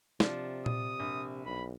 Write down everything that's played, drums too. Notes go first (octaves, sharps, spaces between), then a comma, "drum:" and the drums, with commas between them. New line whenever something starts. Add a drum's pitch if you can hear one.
C3 F3 D4, drum: snare
D#6, drum: tom A#2
A#1
B1 B5